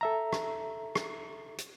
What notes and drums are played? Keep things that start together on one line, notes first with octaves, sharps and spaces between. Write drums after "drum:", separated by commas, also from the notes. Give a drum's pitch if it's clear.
A4 E5 A#5
drum: rim click
drum: rim click
drum: hi-hat